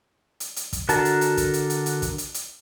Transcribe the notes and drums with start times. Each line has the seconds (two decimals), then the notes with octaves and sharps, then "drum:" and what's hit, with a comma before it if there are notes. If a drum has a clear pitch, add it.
0.40 drum: hi-hat
0.56 drum: hi-hat
0.73 drum: kick, hi-hat
0.89 D3 F#4 A#4 A5, drum: hi-hat
1.05 drum: hi-hat
1.21 drum: hi-hat
1.37 drum: kick, hi-hat
1.53 drum: hi-hat
1.70 drum: hi-hat
1.86 drum: hi-hat
2.02 drum: kick, hi-hat
2.18 drum: hi-hat
2.34 drum: hi-hat